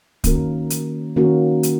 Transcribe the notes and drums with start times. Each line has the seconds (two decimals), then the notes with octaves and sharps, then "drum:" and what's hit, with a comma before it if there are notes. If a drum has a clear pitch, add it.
0.24 D#3 A#3 C#4 F#4 A#4, drum: kick, hi-hat
0.70 drum: hi-hat
1.16 D#3 A#3 C#4 F#4 A#4
1.63 drum: hi-hat